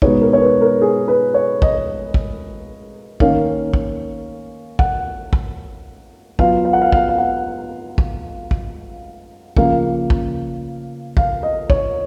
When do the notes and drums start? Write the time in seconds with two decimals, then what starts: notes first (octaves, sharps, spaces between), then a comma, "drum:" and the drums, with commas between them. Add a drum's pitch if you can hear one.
0.02 B2 G#3 B3 D#4 C#5, drum: kick
0.22 A#4
0.33 C#5
0.42 B4
0.61 A#4
0.82 G#4
1.08 B4
1.34 C#5
1.62 D#5, drum: kick
2.14 drum: kick
3.20 D#3 A#3 C#4 F5, drum: kick
3.73 drum: kick
4.79 F#5, drum: kick
5.33 drum: kick
6.39 F#3 B3 F4 F5, drum: kick
6.65 F5
6.73 F#5
6.82 F5
6.92 F5, drum: kick
7.09 F5
7.18 F#5
7.98 drum: kick
8.51 drum: kick
9.57 C#3 F3 A#3 F5, drum: kick
10.10 drum: kick
11.17 F5, drum: kick
11.43 D#5
11.70 C#5, drum: kick